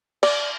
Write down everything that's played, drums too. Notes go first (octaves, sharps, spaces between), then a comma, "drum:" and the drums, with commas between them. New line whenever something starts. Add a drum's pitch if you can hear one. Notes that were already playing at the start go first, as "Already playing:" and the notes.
D5, drum: cymbal